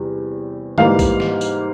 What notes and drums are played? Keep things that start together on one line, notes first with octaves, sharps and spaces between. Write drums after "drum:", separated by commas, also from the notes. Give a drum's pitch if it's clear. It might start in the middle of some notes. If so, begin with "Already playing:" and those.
Already playing: E2 C3 G3
G#2 E3 G3 A#3 F5, drum: tom D3
drum: kick B1, tambourine
drum: snare
drum: tambourine